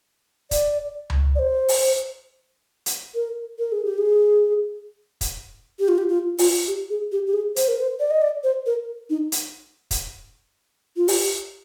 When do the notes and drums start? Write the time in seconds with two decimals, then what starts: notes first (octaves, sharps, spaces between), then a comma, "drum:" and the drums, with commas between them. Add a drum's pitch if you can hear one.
0.51 D5, drum: kick, hi-hat
1.10 drum: tom C#2
1.35 D5
1.39 C5
1.68 drum: open hi-hat
2.86 drum: hi-hat
3.15 A#4
3.59 A#4
3.72 G#4
3.85 G4
3.98 G#4
5.21 drum: kick, hi-hat
5.79 G4
5.88 F4
5.98 G4
6.09 F4
6.38 F4, drum: open hi-hat
6.68 G4
6.90 G#4
7.12 G4
7.27 G4
7.33 G#4
7.56 C5, drum: hi-hat
7.68 A#4
7.80 C5
8.00 D5
8.11 D#5
8.22 D5
8.44 C5
8.66 A#4
9.10 D#4
9.32 drum: hi-hat
9.91 drum: kick, hi-hat
10.97 F4
11.08 G4, drum: open hi-hat